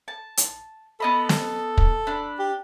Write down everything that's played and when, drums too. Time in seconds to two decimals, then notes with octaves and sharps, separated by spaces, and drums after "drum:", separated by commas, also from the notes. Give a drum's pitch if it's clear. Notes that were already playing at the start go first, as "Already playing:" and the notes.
0.08 A5
0.37 drum: hi-hat
1.00 B3 A4 D#5 B5
1.29 drum: snare
1.77 drum: kick
2.07 D4 B5
2.39 G4